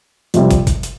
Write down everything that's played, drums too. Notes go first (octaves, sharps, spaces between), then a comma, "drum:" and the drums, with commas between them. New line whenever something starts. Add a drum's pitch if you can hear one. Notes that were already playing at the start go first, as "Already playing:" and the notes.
F2 C3 G3, drum: hi-hat
drum: kick, hi-hat
drum: kick, hi-hat
drum: hi-hat